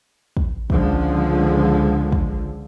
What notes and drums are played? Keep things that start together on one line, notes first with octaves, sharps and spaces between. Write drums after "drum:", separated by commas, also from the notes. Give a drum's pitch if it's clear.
drum: kick
C#2 D3 F3 G#3, drum: kick
drum: kick